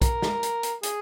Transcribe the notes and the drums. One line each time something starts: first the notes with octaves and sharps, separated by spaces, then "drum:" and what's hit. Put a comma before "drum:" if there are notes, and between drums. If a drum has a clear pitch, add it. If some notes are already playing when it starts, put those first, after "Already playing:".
A#4, drum: kick B1, hi-hat
drum: snare
drum: hi-hat
drum: hi-hat
G#4, drum: hi-hat